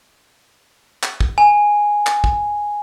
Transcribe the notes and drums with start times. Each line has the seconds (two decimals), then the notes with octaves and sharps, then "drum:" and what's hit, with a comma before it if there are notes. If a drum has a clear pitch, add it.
1.03 drum: clap
1.20 drum: kick
1.38 G#5
2.07 drum: clap
2.24 drum: kick